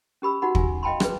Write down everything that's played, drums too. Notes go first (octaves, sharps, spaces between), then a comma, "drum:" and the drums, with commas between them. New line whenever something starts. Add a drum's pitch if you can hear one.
C#4 G4 B5 E6
D#4 F#4 F#5 B5
E5 G#5, drum: kick
D#5 F5 G5 A5 B5 C6
G#4 B4, drum: rim click